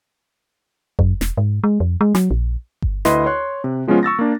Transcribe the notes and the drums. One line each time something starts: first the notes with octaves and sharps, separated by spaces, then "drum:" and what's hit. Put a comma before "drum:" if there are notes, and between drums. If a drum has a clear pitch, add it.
F#2, drum: kick G1
E1, drum: snare
G#2
G#3
F2
G#3
F#3, drum: snare
A#1
drum: kick G1
D2 E4 B4 D#5 C6, drum: snare
C#5 C6 F#6
C3
F3 G#3 B3 C#4 F4
C#6 E6 A6 A#6
A#3 D4